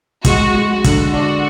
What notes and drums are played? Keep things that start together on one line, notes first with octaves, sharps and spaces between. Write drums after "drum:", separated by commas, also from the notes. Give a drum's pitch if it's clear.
G#3 F#4, drum: kick, hi-hat
G#3
F#4
D3, drum: kick, hi-hat
D4 F#4